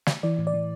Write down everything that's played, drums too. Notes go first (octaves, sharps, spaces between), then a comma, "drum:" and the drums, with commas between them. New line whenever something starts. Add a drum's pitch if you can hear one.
drum: snare
E3 D5
A2
D5
E3